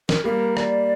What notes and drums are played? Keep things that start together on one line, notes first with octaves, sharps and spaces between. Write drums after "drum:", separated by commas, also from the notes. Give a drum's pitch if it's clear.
A#4, drum: snare
G3 A#3 A#4
D5, drum: rim click